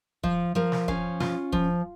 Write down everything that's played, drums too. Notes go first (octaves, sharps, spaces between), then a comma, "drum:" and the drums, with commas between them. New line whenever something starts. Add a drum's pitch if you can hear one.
F3, drum: kick D1
F3 A#4
drum: snare
C#4 F5, drum: kick D1
F4, drum: snare
F3, drum: kick D1